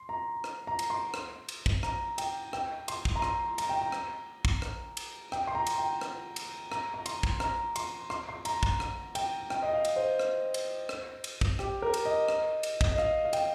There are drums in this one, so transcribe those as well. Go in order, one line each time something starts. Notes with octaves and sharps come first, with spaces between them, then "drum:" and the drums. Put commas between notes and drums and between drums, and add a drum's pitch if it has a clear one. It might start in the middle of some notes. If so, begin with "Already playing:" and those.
Already playing: C6
A#5
drum: rim click
A#5
drum: cymbal
C6
drum: rim click
drum: cymbal
drum: kick
A#5, drum: rim click
G5, drum: cymbal
G5, drum: rim click
C6, drum: cymbal
drum: kick
A#5
C6, drum: rim click
A#5, drum: cymbal
G5
A#5
drum: rim click
drum: kick
drum: rim click
drum: cymbal
G5, drum: rim click
C6
A#5
drum: cymbal
G5
drum: rim click
drum: cymbal
A#5, drum: rim click
A#5
C6, drum: cymbal
drum: kick
A#5, drum: rim click
C6, drum: cymbal
C6, drum: rim click
C6
A#5, drum: cymbal
drum: kick
drum: rim click
G5, drum: cymbal
G5, drum: rim click
D#5
F5
drum: cymbal
C5
drum: rim click
drum: cymbal
drum: rim click
drum: cymbal
drum: kick
G4, drum: rim click
A#4
drum: cymbal
D#5
drum: rim click
drum: cymbal
drum: kick
D#5
F5, drum: rim click
F5
G5, drum: cymbal